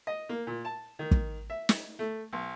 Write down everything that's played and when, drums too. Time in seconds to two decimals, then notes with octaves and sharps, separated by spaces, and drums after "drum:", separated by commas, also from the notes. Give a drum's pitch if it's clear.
0.07 D#5
0.29 A#3
0.47 A#2
0.65 A5
0.99 D#3
1.11 drum: kick
1.50 E5
1.69 drum: snare
1.99 A3
2.33 B1